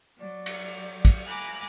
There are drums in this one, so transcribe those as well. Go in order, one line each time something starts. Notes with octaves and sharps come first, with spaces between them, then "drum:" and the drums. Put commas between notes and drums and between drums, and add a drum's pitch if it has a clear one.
F#3 D5
drum: cymbal
drum: kick, cymbal
G#5 A#5 B5 D6 F#6